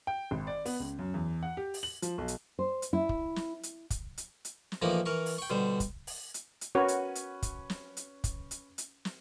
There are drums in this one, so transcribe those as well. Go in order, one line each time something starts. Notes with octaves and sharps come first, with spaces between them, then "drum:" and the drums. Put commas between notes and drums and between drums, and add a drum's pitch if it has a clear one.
G5
G#1
D5
B3, drum: open hi-hat
C#2
F#2
E2
F#5
G4
drum: open hi-hat
F#7
F3, drum: hi-hat
B1
drum: hi-hat
C5
drum: hi-hat
E4
drum: kick
drum: snare
drum: hi-hat
drum: kick, hi-hat
drum: hi-hat
drum: hi-hat
drum: snare
A2 E3 F3 A#3 D#4
E3 A#4 C#6
drum: open hi-hat
G5 C#6
B2 D3 G3 C5
drum: kick, hi-hat
drum: open hi-hat
drum: hi-hat
drum: hi-hat
C#4 F#4 A#4 B4 C#5
drum: hi-hat
drum: hi-hat
drum: kick, hi-hat
drum: snare
drum: hi-hat
drum: kick, hi-hat
drum: hi-hat
drum: hi-hat
drum: snare